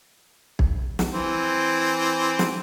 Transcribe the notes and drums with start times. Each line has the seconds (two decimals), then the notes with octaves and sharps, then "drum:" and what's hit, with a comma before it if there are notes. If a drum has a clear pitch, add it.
0.59 drum: kick
0.99 drum: snare
1.12 E3 C4
2.39 drum: snare